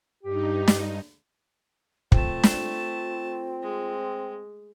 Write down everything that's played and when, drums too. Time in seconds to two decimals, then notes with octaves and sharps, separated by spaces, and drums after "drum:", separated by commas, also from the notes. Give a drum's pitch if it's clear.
0.24 G2 D#4 G4
0.68 drum: snare
2.12 A3 C4 F4 A5, drum: kick
2.43 drum: snare
3.62 G#3